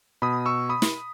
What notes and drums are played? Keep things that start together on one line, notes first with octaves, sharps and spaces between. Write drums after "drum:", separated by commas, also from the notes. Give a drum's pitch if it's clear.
B2 B5 D#6
C#6 E6
B5 D#6
drum: snare